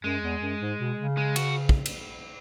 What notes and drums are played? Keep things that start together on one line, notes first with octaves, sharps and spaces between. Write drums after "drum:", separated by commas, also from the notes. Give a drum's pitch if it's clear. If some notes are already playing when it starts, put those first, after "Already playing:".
F#2 G#3
E2
F#2
G#2
B2
C#3
G#3
F#4, drum: cymbal
drum: kick
drum: cymbal